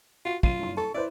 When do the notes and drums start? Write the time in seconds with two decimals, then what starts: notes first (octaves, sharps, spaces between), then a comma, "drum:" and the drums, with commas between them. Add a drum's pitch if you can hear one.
0.25 F4 F#4
0.43 F#2 F4 D#7, drum: kick
0.59 F#1 G2 C6
0.77 A4 C#6
0.94 E4 B4 C5 D5